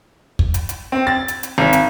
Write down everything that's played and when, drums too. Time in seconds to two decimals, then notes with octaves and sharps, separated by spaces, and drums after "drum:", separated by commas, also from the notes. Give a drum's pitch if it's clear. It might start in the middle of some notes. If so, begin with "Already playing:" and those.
0.39 drum: kick
0.54 drum: hi-hat
0.69 drum: hi-hat
0.92 C4
1.07 A6
1.28 drum: hi-hat
1.43 drum: hi-hat
1.58 G#1
1.73 drum: hi-hat